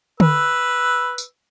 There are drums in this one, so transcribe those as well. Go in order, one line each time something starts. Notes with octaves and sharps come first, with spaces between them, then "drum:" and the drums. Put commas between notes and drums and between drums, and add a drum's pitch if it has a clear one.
B4 E6, drum: tom D3
drum: tambourine